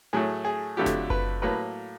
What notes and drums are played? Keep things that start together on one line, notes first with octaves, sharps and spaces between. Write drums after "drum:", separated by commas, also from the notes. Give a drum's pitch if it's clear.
A2 F#3 A3 G#4
G#4
F2 D3 F#3 A3 G4
drum: snare F#1
B4, drum: kick F#1
A2 F#3 A#3 B4